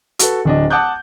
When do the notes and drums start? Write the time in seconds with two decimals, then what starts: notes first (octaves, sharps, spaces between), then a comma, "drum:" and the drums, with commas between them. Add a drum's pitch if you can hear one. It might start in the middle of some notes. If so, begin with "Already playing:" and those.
0.19 F#4 A4 B4, drum: hi-hat
0.45 D1 D4 D#5
0.70 F#5 A5 D6 D#6 F#6 G6